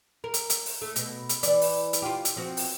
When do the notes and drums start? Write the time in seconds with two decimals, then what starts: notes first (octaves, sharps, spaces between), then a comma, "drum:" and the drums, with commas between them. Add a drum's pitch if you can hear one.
0.24 A#4
0.34 drum: hi-hat
0.50 drum: hi-hat
0.66 drum: open hi-hat
0.82 A3
0.96 B2, drum: hi-hat
1.29 drum: hi-hat
1.43 E3 D5, drum: hi-hat
1.61 drum: open hi-hat
1.93 drum: hi-hat
2.02 F4 G4
2.25 drum: hi-hat
2.36 F3 C4 F#4
2.57 drum: open hi-hat